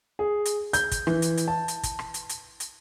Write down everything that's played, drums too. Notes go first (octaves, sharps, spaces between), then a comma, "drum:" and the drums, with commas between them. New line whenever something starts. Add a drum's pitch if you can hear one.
G#4
drum: hi-hat
G6, drum: hi-hat
drum: kick, hi-hat
E3, drum: rim click
drum: hi-hat
drum: hi-hat
A5
drum: hi-hat
drum: kick, hi-hat
drum: rim click
drum: hi-hat
drum: hi-hat
drum: hi-hat